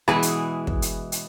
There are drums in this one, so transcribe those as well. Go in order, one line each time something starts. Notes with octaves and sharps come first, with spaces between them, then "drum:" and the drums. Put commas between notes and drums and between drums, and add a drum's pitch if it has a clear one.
B2 E3 G#3 E4 G#4 B4, drum: rim click
drum: hi-hat
drum: kick
drum: hi-hat
drum: hi-hat